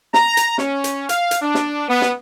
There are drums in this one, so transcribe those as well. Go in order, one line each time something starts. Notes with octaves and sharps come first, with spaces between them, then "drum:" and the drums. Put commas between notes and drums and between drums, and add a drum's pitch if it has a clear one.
A#5, drum: snare
drum: hi-hat
C#4, drum: snare
drum: hi-hat
F5, drum: hi-hat
drum: hi-hat
D4
drum: snare
B3
drum: snare